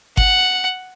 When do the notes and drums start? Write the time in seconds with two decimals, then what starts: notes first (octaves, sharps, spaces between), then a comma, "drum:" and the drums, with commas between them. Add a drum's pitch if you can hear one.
0.17 F#5, drum: kick G1